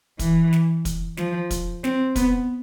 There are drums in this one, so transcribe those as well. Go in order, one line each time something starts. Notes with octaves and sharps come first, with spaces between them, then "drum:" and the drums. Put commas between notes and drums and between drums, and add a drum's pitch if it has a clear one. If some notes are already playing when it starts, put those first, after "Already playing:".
E3, drum: kick, hi-hat
drum: snare
drum: kick, hi-hat
F3, drum: snare
drum: kick, hi-hat
C4, drum: snare
B3, drum: kick, hi-hat